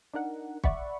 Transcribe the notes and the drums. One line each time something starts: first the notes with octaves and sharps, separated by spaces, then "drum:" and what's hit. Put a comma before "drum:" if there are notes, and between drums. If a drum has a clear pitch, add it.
D4 D#4 A#4 F#5
D5 E5 F#5 B5 C#6, drum: kick